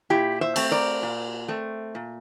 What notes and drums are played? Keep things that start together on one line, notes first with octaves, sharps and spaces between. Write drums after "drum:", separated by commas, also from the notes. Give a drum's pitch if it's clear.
A#2 E4 G4
C5 E5
A3 C4, drum: cymbal
A#4 D5
A#2
A3 C4
A#2